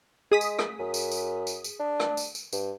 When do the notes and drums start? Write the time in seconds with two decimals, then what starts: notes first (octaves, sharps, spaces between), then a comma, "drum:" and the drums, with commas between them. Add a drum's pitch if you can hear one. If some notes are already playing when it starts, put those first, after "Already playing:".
0.31 G#3 G#4 D#6 B6
0.41 drum: tambourine
0.59 drum: rim click
0.79 F#2
0.94 drum: tambourine
1.12 drum: tambourine
1.47 drum: tambourine
1.64 drum: tambourine
1.79 D4
2.00 drum: rim click
2.17 drum: tambourine
2.35 drum: tambourine
2.53 G2, drum: tambourine